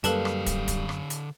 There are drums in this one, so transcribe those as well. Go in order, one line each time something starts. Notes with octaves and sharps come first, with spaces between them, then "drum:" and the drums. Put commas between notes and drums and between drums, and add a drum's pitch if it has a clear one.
F#2 D3 G3 A#3 A4 B4 F5 A5, drum: hi-hat
drum: rim click
drum: kick, hi-hat
drum: kick, hi-hat
drum: rim click
drum: hi-hat